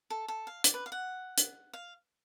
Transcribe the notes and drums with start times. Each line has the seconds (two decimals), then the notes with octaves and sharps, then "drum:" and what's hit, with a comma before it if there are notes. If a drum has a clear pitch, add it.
0.10 A4
0.28 A4
0.47 F5
0.64 D5, drum: hi-hat
0.74 B4
0.86 F5
0.92 F#5
1.38 drum: hi-hat
1.73 F5